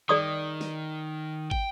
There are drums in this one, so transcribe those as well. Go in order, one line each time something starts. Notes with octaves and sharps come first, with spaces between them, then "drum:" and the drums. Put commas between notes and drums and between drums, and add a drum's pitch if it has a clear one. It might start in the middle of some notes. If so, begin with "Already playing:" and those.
D#3 G#4 D5 D#6
drum: snare
G5, drum: kick